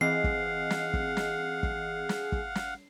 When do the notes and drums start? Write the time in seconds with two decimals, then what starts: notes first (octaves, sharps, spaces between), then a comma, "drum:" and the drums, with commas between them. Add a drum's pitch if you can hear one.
0.01 E3 C4 G#4 D#5 F5 F#5 C7
0.24 drum: kick
0.70 drum: snare
0.94 drum: kick
1.17 drum: snare
1.63 drum: kick
2.09 drum: snare
2.32 drum: kick
2.55 drum: snare